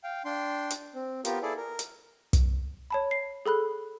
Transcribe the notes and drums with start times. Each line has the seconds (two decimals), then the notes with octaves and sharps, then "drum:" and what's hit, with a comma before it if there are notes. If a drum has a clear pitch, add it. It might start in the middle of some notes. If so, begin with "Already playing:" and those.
0.04 F5 G5
0.25 D4 G5 C6
0.70 drum: hi-hat
0.94 C4
1.25 B3 F4 G4 A#4, drum: hi-hat
1.42 E4 G#4 A4 D5
1.57 A#4
1.79 drum: hi-hat
2.33 drum: kick, hi-hat
2.90 C#5 A5 B5
3.11 C7
3.46 G#4 A4 B5 F#6